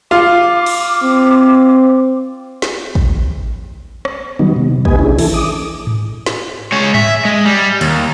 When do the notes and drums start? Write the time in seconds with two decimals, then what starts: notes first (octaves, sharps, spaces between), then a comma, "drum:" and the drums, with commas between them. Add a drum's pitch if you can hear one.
0.11 F4 D6
0.66 drum: cymbal
1.03 C4
2.62 drum: snare
2.95 drum: kick
4.05 drum: rim click
4.39 D#3 F#3 G3 B3 D#4
4.56 C3
4.85 A#3 G4 B4 D#5 G#5, drum: kick
4.99 C#4 D4 E4 G#4
5.19 E3 E4 A4, drum: cymbal
5.34 D6 D#6
5.87 drum: tom G#2
6.26 drum: snare
6.72 G#3 C#5
6.94 E5, drum: tom G#2
7.25 G#3
7.46 G3
7.81 D#2, drum: cymbal